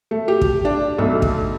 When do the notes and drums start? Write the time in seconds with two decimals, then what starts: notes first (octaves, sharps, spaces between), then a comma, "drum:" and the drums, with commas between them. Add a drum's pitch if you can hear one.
0.11 A3
0.28 G4
0.41 drum: kick
0.65 D4
0.98 B1 A3
1.22 drum: kick